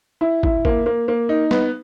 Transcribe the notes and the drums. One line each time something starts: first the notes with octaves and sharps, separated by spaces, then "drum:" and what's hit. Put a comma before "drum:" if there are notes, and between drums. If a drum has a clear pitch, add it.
E4
E4, drum: kick
A#3, drum: kick
A#3
A#3
D#4
B3, drum: snare